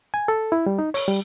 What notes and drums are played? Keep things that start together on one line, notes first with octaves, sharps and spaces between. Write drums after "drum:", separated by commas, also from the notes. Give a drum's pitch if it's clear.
G#5
A4
E4
G3
D#4
C#5, drum: open hi-hat
G3